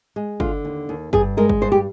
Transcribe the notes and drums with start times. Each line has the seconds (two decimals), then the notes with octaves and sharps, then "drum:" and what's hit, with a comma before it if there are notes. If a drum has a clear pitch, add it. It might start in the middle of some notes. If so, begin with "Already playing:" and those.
0.16 G#3
0.40 D3 F4, drum: kick
0.65 D#2
0.89 D#2
1.13 G2 G#4, drum: kick
1.37 G#3 A#4
1.49 drum: kick
1.61 G2 C5
1.72 G4